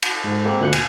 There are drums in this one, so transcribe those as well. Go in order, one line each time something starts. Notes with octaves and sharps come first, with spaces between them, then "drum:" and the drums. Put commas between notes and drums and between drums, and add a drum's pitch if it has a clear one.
drum: cymbal
G#2
G#3 A#3 C4
D2 A#2 F#6 G6 C#7
G#5, drum: cymbal